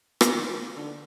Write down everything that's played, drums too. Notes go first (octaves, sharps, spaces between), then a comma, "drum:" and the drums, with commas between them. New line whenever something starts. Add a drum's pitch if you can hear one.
D3, drum: rim click
D#3
D3